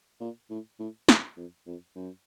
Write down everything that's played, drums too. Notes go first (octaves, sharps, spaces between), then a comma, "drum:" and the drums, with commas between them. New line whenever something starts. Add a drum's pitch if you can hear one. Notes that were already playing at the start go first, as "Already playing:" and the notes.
A#2
A2
A2
E2, drum: snare
F2
F2
F#2